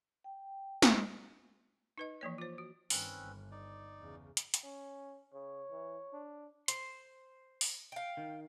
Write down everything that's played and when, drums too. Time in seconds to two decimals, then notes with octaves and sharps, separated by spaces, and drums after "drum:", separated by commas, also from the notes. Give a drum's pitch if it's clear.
0.24 G5
0.82 drum: snare
1.98 D#4 B4 D#5
2.21 E3 F3 A#3 C#5
2.38 F4 C5
2.58 F#4
2.90 G2 D#3 C4 C#4 B4, drum: open hi-hat
3.20 G1
3.51 D#4 D5
4.00 E2 C#3
4.37 drum: hi-hat
4.54 drum: hi-hat
4.64 C#4
5.34 C#3 C#5
5.71 E3
6.13 D4
6.68 C5 C6, drum: hi-hat
7.61 drum: open hi-hat
7.92 F5 G5
8.17 D#3